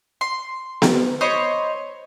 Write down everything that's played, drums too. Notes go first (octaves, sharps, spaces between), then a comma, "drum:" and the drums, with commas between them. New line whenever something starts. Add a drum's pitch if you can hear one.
C6
drum: snare B3
C5 C#5 D#5 B5